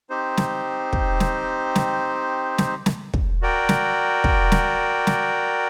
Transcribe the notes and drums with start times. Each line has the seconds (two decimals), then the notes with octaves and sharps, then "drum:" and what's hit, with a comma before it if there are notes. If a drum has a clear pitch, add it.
0.10 C4 D#4 G4 C5
0.37 drum: snare
0.93 drum: kick
1.20 drum: snare
1.75 drum: snare
2.58 drum: snare
2.86 drum: snare
3.14 drum: kick
3.42 F#4 A#4 D5 G5
3.69 drum: snare
4.24 drum: kick
4.52 drum: snare
5.07 drum: snare